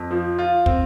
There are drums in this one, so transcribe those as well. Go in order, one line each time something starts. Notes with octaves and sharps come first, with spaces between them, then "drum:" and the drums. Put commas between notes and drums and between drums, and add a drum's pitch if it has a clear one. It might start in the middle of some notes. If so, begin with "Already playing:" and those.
Already playing: F2
F3
F4
C4, drum: kick